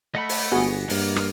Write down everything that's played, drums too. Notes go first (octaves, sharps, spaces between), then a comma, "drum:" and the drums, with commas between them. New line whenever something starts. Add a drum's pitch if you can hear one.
A3 D#5 F#5 B5
drum: open hi-hat
G1 B3 F#4 G#4
G2 A#3, drum: open hi-hat
drum: rim click